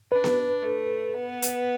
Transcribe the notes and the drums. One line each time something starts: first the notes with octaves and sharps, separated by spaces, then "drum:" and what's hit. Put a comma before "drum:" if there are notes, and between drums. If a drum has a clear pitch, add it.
D4 B4
drum: snare B3
A3
B3
drum: hi-hat